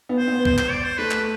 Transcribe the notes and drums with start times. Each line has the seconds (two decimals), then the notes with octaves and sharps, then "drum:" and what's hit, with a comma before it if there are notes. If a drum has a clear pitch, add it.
0.09 B3
0.18 C5
0.27 B3
0.45 C5, drum: kick
0.58 C5, drum: clap
0.71 D5
0.85 C5
0.98 A3 B4
1.11 drum: clap